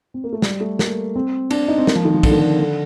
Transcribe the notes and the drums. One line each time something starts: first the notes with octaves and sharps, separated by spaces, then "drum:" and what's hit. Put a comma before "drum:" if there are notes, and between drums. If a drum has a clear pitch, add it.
C4
A#3
A3
G3, drum: snare
A3
A#3, drum: snare
C4
D4, drum: cymbal
D#4
C4
A#3, drum: snare
F3
D#3
F3
D3, drum: kick, cymbal
D#3
D3
D3